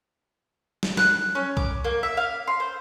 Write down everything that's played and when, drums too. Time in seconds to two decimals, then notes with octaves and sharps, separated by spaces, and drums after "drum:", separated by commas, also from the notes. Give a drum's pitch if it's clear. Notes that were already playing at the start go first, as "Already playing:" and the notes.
0.83 drum: snare
0.97 F#6, drum: snare
1.35 C#4
1.57 D6, drum: kick
1.84 A#3
2.03 E5
2.17 F5
2.47 C6
2.60 C5